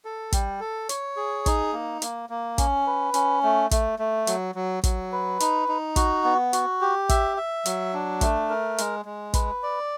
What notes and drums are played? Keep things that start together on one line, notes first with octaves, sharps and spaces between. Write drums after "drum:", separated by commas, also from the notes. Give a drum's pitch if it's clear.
A4
G3, drum: kick, hi-hat
A4
C#5, drum: hi-hat
G#4
D#4, drum: kick, hi-hat
A#3
A#3, drum: hi-hat
A#3
C#4, drum: kick, hi-hat
B4
C#4, drum: hi-hat
A3
A3, drum: kick, hi-hat
A3
F#3, drum: hi-hat
F#3
F#3, drum: kick, hi-hat
B4
D#4, drum: hi-hat
D#4
F#4, drum: kick, hi-hat
B3
F#4, drum: hi-hat
G4
E5, drum: kick, hi-hat
E5
F#3, drum: hi-hat
D4
A3, drum: kick, hi-hat
A#4
G#3, drum: hi-hat
G#3
B4, drum: kick, hi-hat
D5